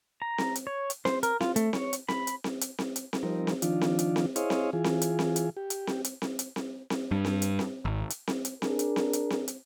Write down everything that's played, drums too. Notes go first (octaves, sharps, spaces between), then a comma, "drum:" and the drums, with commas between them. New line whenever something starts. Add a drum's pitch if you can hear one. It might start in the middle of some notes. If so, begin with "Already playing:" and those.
A#5
drum: snare C4
drum: hi-hat
C#5
drum: hi-hat
C5, drum: snare C4
A#4, drum: hi-hat
F4, drum: snare C4
A3, drum: hi-hat
C#5, drum: snare C4
drum: hi-hat
B5, drum: snare C4
drum: hi-hat
drum: snare C4
drum: hi-hat
drum: snare C4
drum: hi-hat
drum: snare C4
F3 G3 C4 D#4 A#4
drum: snare C4
D#3 F3 D4 F4, drum: hi-hat
drum: snare C4
drum: hi-hat
drum: snare C4
E4 G#4 C5 C#5 D#5 F5, drum: hi-hat
drum: snare C4
E3 F4 G#4
drum: snare C4
drum: hi-hat
drum: snare C4
drum: hi-hat
G4
drum: hi-hat
drum: snare C4
drum: hi-hat
drum: snare C4
drum: hi-hat
drum: snare C4
drum: snare C4
G2
drum: snare C4
drum: hi-hat
drum: snare C4
G#1
drum: hi-hat
drum: snare C4
drum: hi-hat
D4 G#4 A#4, drum: snare C4
drum: hi-hat
drum: snare C4
drum: hi-hat
drum: snare C4
drum: hi-hat